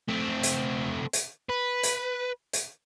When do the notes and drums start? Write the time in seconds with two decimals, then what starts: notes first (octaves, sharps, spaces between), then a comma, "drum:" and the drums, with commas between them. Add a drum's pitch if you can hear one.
0.08 A3 C4
0.43 drum: hi-hat
1.13 drum: hi-hat
1.50 B4
1.83 drum: hi-hat
2.53 drum: hi-hat